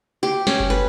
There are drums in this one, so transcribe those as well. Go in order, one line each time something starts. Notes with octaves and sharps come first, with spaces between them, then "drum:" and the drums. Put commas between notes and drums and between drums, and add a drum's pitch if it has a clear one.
G4
C#4, drum: snare
drum: kick F#1
B4